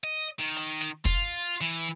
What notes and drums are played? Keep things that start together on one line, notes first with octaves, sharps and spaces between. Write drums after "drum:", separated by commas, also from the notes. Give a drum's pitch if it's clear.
D#5
D#3
drum: hi-hat
drum: snare
F4, drum: kick, hi-hat
E3